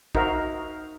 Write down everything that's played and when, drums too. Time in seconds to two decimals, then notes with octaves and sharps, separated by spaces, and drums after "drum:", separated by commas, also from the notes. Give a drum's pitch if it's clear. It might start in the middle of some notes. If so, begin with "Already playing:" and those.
0.15 D#4 F#4 A#4 C5 E5 F5, drum: kick